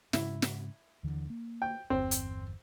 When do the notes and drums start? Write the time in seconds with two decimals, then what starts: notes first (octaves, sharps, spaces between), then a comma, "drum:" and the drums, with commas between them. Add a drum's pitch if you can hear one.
0.13 G#2 C#3 E4, drum: snare
0.42 drum: snare
1.03 D#2 D3 E3
1.30 A#3
1.62 G5
1.90 G1 E2 C4
2.11 drum: hi-hat